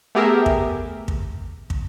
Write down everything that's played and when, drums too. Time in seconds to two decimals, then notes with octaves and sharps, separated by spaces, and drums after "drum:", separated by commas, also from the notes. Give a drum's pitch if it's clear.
0.15 A3 B3 G4 G#4 A#4 E5
0.46 drum: kick
1.08 drum: kick
1.70 drum: kick